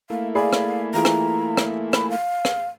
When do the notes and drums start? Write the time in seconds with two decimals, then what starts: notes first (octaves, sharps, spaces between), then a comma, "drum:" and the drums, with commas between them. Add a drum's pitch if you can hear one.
0.10 A3 A#3 E4 F5
0.35 G#4 D5 F5 B5
0.53 drum: rim click
0.94 E3 F4 G#4 A#5
1.05 drum: rim click
1.57 drum: rim click
1.93 B5, drum: rim click
2.10 F5
2.45 drum: rim click